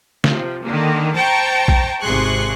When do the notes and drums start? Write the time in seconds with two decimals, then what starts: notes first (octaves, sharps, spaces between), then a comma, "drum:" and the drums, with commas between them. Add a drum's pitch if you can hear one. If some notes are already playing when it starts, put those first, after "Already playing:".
0.24 C3 F3, drum: snare
0.64 D3 D#3 A#3
1.15 C5 G5 A5 A#5 C#6
1.68 drum: kick
2.02 G#1 C3 G#4 C6 C#6 F#6